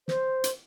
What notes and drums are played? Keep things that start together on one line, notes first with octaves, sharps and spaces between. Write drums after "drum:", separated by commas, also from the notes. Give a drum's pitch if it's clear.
C5, drum: snare
drum: hi-hat